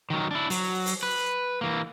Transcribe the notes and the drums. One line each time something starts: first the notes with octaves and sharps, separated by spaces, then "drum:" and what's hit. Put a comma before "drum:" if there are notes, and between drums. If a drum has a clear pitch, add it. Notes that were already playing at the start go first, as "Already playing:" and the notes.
D#3 F#3
D4 E4
F#3, drum: open hi-hat
drum: open hi-hat
B4
E3 A#3